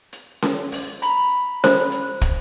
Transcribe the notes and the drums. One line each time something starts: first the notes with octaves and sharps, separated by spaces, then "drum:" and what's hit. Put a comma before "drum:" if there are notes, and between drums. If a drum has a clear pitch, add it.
drum: hi-hat
drum: snare C#4
drum: open hi-hat
A#5 B5, drum: hi-hat
C5, drum: snare C#4
drum: hi-hat
drum: kick, hi-hat